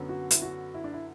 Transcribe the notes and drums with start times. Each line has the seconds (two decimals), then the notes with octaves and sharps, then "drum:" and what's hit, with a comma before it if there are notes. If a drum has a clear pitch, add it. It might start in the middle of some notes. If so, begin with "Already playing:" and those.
Already playing: F#2 D3 F#3 B3
0.09 F#4
0.31 E4, drum: hi-hat
0.42 F#4
0.74 E4
0.84 D4
0.94 E4